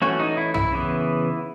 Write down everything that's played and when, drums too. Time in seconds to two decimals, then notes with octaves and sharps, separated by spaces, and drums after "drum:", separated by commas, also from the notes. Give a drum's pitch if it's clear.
0.02 E3 A3 C#4 F#4
0.19 D#4
0.37 E4
0.54 E4, drum: tom
0.72 C#3 E3 B3